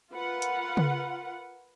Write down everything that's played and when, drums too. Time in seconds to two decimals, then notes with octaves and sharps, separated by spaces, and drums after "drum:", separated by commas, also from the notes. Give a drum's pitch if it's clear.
0.12 F4 A#4 B4 F#5
0.42 drum: hi-hat
0.77 drum: tom C#3